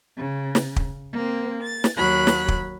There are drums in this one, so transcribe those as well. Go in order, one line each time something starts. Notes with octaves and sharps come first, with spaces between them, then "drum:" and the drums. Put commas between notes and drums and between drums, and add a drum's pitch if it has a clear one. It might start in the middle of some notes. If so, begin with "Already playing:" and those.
C#3
drum: snare
drum: kick
A#3 C4
A6
drum: snare
D#2 F#3 B5 F#6
drum: snare
drum: kick